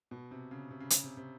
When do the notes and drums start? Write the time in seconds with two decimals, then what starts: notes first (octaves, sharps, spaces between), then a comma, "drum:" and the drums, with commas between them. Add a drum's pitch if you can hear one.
0.11 B2
0.31 C3
0.51 C#3
0.71 C3
0.80 C#3
0.90 C#3, drum: hi-hat
1.04 C3
1.17 C3